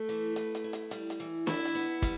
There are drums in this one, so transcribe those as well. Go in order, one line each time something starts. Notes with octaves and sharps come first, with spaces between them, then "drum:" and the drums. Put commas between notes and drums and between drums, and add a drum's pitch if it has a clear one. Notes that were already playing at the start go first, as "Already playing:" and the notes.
Already playing: A3
E3
B4, drum: hi-hat
drum: hi-hat
E4
drum: hi-hat
G3, drum: hi-hat
drum: hi-hat
E3
D4 E4, drum: snare
drum: hi-hat
B3
G3, drum: kick, hi-hat